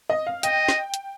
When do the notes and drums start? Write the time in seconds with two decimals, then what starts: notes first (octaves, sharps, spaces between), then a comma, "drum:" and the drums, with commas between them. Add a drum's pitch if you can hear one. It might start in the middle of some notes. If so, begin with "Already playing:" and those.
0.10 D#5
0.27 F5
0.43 D#5 G5, drum: hi-hat
0.69 drum: snare
0.94 drum: hi-hat